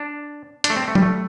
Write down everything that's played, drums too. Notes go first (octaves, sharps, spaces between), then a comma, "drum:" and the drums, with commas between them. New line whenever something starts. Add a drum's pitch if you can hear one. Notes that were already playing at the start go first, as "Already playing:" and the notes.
Already playing: D4
D4, drum: hi-hat
A3
C4
A3
G3, drum: tom F#3
A3